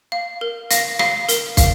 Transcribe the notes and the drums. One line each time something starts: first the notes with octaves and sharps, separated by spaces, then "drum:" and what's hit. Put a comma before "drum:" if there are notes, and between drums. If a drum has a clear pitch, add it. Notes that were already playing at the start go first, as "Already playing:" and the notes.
F5
A#4
F5 A#6, drum: hi-hat
F5, drum: rim click
A#4, drum: hi-hat
F5, drum: kick, hi-hat